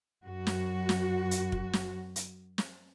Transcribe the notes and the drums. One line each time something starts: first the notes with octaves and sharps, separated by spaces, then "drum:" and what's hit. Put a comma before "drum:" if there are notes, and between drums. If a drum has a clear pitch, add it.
F#2 F#4
drum: snare
drum: snare
drum: hi-hat
drum: kick
drum: snare
drum: hi-hat
drum: snare